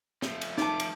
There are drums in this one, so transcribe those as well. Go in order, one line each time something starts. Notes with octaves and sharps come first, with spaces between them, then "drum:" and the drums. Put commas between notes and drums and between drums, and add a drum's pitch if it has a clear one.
F3 A3, drum: snare
drum: cymbal
D#4 A5 D6, drum: snare
drum: cymbal